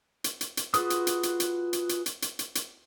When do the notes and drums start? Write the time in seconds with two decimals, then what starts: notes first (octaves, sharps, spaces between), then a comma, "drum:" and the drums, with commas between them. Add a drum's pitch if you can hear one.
0.24 drum: hi-hat
0.41 drum: hi-hat
0.57 drum: hi-hat
0.74 F4 F#4 G#4 B4 D#6, drum: hi-hat
0.90 drum: hi-hat
1.07 drum: hi-hat
1.23 drum: hi-hat
1.40 drum: hi-hat
1.73 drum: hi-hat
1.89 drum: hi-hat
2.06 drum: hi-hat
2.22 drum: hi-hat
2.39 drum: hi-hat
2.55 drum: hi-hat